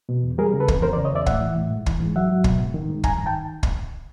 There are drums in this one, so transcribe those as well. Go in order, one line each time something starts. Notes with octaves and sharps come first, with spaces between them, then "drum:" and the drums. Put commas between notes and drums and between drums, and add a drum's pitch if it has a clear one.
B2
E2
G3 G#4 A#4
C#3
A4 B4
F2, drum: kick
E2 A#4 C5
C5 D5
C#3
C#5 D#5
E2 D5 E5
A2 E5 F#5, drum: kick
E3
A2
G#2
E3, drum: kick
G#2
F#3 E5 F#5
F#3
B2, drum: kick
G#2
D#3
G#2
G2 G#5 A#5, drum: kick
D#3
G5 A5
drum: kick